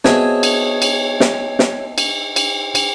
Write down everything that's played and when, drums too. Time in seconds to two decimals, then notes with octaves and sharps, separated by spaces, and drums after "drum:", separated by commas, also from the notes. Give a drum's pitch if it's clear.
0.04 B3 C4 F#4 G#4 C#5 D#5 E5 A5, drum: snare
0.43 drum: cymbal
0.82 drum: cymbal
1.20 drum: snare
1.59 drum: snare
1.98 drum: cymbal
2.36 drum: cymbal
2.75 drum: cymbal